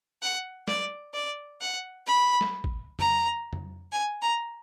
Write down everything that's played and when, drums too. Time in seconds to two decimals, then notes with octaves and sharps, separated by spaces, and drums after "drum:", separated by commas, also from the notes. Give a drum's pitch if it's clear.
0.22 F#5
0.68 D5, drum: snare
1.13 D5
1.60 F#5
2.06 B5
2.41 drum: snare
2.64 drum: kick
2.99 A#5, drum: tom F2
3.53 drum: tom F2
3.92 G#5
4.21 A#5